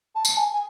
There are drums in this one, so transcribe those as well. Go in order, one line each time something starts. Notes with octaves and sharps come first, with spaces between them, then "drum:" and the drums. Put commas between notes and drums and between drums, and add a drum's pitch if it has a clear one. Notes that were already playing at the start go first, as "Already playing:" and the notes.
A5
drum: tambourine
G#5
G#5